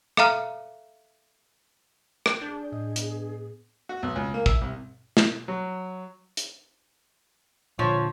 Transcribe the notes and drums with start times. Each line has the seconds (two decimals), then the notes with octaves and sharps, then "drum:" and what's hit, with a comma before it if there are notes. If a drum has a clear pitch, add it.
0.17 A4 E5 F5 A#5 F6, drum: rim click
2.26 drum: rim click
2.41 D4 G#4 G6
2.72 A2 D#5
2.96 B3, drum: hi-hat
3.89 F#4
4.03 B1
4.15 C#2
4.34 A#3
4.46 E5, drum: kick
4.61 C2
5.17 drum: snare
5.48 F#3
6.37 drum: hi-hat
7.79 A#2 D3 F3 C#5